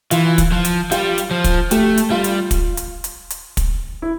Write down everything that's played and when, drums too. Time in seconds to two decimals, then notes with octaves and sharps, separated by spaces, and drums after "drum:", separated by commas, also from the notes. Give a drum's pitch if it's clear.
0.11 E3 F4, drum: hi-hat
0.38 drum: kick, hi-hat
0.52 F3
0.65 drum: hi-hat
0.92 G3 F4, drum: hi-hat
1.18 drum: hi-hat
1.31 F3
1.44 drum: kick, hi-hat
1.71 A3 G4, drum: hi-hat
1.98 drum: hi-hat
2.10 G3 F4
2.24 drum: hi-hat
2.51 drum: kick, hi-hat
2.77 drum: hi-hat
3.04 drum: hi-hat
3.30 drum: hi-hat
3.57 drum: kick, hi-hat
4.02 E4